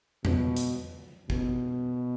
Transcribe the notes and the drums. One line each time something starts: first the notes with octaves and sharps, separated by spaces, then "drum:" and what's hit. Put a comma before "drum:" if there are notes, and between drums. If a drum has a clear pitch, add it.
B2, drum: tom E2
drum: hi-hat
B2, drum: kick